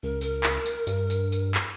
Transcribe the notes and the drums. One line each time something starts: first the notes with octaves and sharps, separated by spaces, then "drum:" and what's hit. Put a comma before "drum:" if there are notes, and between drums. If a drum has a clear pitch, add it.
C#2 A#4
A#4, drum: tambourine
drum: clap
drum: tambourine
G2, drum: tambourine
drum: tambourine
drum: tambourine
drum: clap